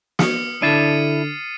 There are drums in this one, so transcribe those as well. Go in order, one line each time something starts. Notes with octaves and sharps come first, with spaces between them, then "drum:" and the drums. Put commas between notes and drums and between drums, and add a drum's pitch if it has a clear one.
D#6 F6 C#7, drum: snare
D3 D4 E4 A5 A6 C7 D#7